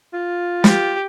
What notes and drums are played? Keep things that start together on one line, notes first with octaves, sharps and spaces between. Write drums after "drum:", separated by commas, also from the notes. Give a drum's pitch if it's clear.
F4
G4, drum: snare